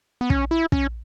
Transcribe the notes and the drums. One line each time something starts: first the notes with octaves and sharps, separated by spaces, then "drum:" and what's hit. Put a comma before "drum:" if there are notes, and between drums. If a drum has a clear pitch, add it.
B3
C#4, drum: kick
E4
C#4, drum: kick